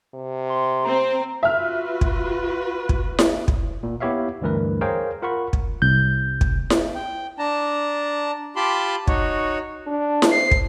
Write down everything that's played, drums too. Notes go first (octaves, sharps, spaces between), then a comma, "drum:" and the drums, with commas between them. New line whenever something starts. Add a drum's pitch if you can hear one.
C3
C6
C4 C5 A#5
F4 F#4 B4 E5 F6
drum: kick
drum: kick
drum: snare E4
drum: kick
A#2
B3 E4 G4 C#5 E5 F5
D2 G2 E3 A#4 B4
G#4 A#4 C5 C#5 F5 G5
F4 A#4 F#5 B5 C#6
drum: kick
C2 G6
drum: kick
drum: snare E4
G5
D4 A5 A#5
F4 G4 A5 B5 C6 D6
D#4 F#4 C#5, drum: kick
D4
drum: snare E4
C5 C7
drum: kick